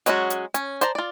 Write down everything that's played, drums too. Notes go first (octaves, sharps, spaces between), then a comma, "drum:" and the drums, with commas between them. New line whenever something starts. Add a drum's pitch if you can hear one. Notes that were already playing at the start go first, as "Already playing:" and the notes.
F#3 G#3 C#4 E4 F#4, drum: hi-hat
drum: hi-hat
C#4, drum: hi-hat
C5 D5 A5 A#5, drum: hi-hat
F4 D5